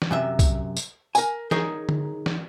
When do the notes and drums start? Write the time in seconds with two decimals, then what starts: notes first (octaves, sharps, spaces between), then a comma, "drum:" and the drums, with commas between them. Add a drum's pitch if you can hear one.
0.02 drum: snare
0.11 F#2 C3 E5
0.39 drum: kick, tambourine
0.77 drum: tambourine
1.15 A#4 G#5, drum: tambourine
1.51 D#4 G#4 A#4 C#5, drum: snare
1.89 drum: tom D3
2.26 drum: snare